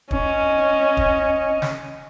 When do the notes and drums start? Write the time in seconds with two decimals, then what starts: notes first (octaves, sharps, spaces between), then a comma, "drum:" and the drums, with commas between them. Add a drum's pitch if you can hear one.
0.11 C#4 D#5, drum: kick
0.97 drum: kick
1.62 drum: snare